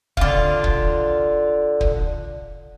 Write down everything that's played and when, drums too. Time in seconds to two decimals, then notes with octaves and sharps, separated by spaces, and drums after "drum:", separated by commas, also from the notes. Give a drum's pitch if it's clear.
0.17 D3 F4, drum: kick
0.64 drum: kick
1.81 drum: kick